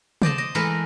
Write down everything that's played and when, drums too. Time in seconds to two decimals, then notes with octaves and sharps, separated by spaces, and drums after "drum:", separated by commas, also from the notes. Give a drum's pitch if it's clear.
0.22 C5 D5 D#5 A5, drum: tom
0.38 D#5
0.55 E3 G#3 A3 A#4 B4